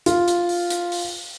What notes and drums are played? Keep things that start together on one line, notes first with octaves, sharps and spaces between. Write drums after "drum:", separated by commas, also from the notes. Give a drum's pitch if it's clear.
F4, drum: hi-hat
drum: hi-hat
drum: open hi-hat
drum: hi-hat
drum: open hi-hat